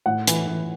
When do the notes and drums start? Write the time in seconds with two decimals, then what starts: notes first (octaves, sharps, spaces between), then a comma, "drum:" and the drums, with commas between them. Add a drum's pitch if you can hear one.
0.06 A2 F#5
0.27 E3, drum: hi-hat
0.48 E3